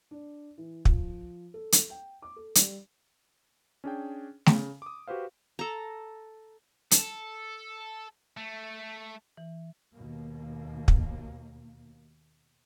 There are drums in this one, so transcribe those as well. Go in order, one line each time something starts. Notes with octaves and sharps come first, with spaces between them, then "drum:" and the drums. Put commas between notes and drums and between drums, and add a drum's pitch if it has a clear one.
D4
E3
F3, drum: kick
A4
drum: hi-hat
G5
D6
A4
G3, drum: hi-hat
C#4 D4 G#4 G5
C#3, drum: snare A3
D6 D#6
F#4 G4 B4 C5 F5
A4 A#5
A4, drum: hi-hat
A3
E3
D#2 B2 A#3
drum: kick